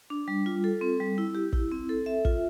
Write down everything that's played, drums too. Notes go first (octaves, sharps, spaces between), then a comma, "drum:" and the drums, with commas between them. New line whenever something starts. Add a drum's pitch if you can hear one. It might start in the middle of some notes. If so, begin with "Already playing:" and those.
D4
G3
F4
A4
C4
G3
E4
G4
E4, drum: kick
C4
A4
E5
F4, drum: kick